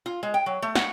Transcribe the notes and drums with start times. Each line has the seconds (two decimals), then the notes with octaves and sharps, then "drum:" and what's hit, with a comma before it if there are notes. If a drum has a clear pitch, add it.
0.06 F4
0.23 G#3
0.34 G5
0.46 F#3
0.62 A3
0.75 F#5, drum: snare